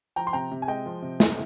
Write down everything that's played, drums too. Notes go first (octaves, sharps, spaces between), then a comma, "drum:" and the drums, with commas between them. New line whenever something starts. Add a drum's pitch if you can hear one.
F3 G5 A#5
C6
C3 G5 A#5
C3
G#5
G#3 D#5 G5
F3
C3
C3, drum: snare